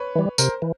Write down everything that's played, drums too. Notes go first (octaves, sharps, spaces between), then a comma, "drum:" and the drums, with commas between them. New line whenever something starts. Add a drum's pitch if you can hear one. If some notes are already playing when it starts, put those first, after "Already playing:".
Already playing: B4 C#5
E3 G3
C3 A#4 C5, drum: tambourine
E3